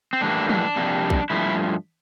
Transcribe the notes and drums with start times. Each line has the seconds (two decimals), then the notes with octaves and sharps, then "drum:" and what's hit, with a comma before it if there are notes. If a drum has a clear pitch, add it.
0.13 C4
0.21 A2 E3 G3 A#3 D4
0.49 D4, drum: tom
0.76 F2 C3 G3 A#3
1.10 drum: kick
1.30 G2 F3 A3 E4